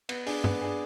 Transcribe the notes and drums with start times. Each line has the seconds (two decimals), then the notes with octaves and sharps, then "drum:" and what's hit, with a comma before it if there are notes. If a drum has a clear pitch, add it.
0.09 B3, drum: cymbal
0.26 D4 G#4, drum: open hi-hat
0.44 B3, drum: tom G2
0.61 D4 G#4